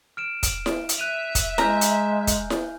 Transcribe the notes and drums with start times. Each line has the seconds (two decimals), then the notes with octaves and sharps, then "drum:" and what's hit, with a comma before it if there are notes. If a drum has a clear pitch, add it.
0.17 F6 D7 E7
0.43 drum: kick, hi-hat
0.66 drum: snare E4
0.89 drum: hi-hat
0.98 E5 F#6 D#7 F7
1.35 drum: kick, hi-hat
1.58 G#3 G#5 A#5 F6 G6, drum: snare E4
1.81 drum: hi-hat
2.27 drum: kick, hi-hat
2.50 drum: snare E4